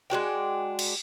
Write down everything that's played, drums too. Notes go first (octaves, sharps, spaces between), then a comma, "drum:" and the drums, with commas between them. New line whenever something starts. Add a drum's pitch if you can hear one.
G#3 D4 F#4 G5
drum: cymbal